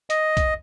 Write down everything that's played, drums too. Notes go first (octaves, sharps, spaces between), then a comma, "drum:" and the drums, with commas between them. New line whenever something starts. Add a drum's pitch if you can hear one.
D#5, drum: hi-hat
drum: kick, hi-hat